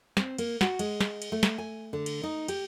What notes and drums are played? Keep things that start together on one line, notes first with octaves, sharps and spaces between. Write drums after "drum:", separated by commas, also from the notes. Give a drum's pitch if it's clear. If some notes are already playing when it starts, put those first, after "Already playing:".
C4, drum: snare
A#3, drum: cymbal
F#4, drum: snare
G#3, drum: cymbal
drum: snare
drum: cymbal
A3
drum: snare
G#5
D3
drum: cymbal
D#4
G4, drum: cymbal